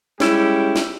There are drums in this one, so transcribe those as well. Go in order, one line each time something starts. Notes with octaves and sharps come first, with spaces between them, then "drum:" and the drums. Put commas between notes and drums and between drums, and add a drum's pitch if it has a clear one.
G3 G#3 C#4 E4 G4, drum: snare
drum: snare